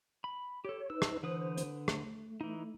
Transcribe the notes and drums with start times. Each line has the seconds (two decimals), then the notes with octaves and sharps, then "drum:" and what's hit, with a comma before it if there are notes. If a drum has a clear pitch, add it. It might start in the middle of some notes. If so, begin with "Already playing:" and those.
0.24 B5
0.65 G4 A4 C#5
0.90 D#4 B4 E6
1.02 drum: rim click
1.23 D3 E3 B4 C5 D#6
1.57 drum: hi-hat
1.88 A3, drum: rim click
2.41 E3 D#4